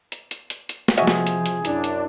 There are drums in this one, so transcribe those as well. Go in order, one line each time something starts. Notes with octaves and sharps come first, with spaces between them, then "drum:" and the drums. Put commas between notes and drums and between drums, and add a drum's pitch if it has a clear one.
drum: hi-hat
drum: hi-hat
drum: hi-hat
drum: hi-hat
drum: snare
C3 F3 F#4 G#4 D#5 E5
drum: snare
drum: hi-hat
drum: hi-hat
F#2 D4 E4, drum: hi-hat
drum: hi-hat